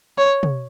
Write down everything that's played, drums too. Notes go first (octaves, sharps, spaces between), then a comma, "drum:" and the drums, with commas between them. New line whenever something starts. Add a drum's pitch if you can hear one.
C#5
drum: tom